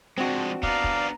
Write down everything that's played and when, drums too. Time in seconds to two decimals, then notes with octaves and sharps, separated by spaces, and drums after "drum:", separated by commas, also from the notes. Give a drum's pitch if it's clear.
0.18 F3 G#3 C4 D4 F#4
0.63 B3 D4 D5 F5 A#5, drum: kick
0.84 drum: kick